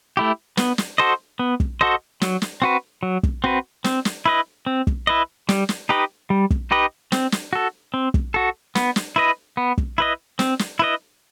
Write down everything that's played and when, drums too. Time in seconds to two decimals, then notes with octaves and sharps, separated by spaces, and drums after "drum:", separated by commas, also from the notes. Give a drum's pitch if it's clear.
0.17 A3 E4 G4
0.57 B3, drum: snare
0.78 drum: snare
0.98 F#4 A4 C5 D#5
1.39 B3
1.60 drum: kick
1.81 F#4 A4 C5 D#5
2.22 F#3, drum: snare
2.42 drum: snare
2.62 C4 F#4 B4
3.03 F#3
3.23 drum: kick
3.44 C4 F#4 B4
3.84 C4, drum: snare
4.05 drum: snare
4.26 E4 B4 D#5
4.66 C4
4.87 drum: kick
5.07 E4 B4 D#5
5.49 G3, drum: snare
5.69 drum: snare
5.89 D#4 G4 B4 D#5
6.30 G3
6.50 drum: kick
6.71 D#4 G4 B4 D#5
7.12 C4, drum: snare
7.32 drum: snare
7.53 F#4 A4
7.94 C4
8.14 drum: kick
8.34 F#4 A4
8.75 B3, drum: snare
8.96 drum: snare
9.16 E4 B4 D#5
9.57 B3
9.78 drum: kick
9.98 E4 B4 D#5
10.39 C4, drum: snare
10.59 drum: snare
10.79 E4 B4 D#5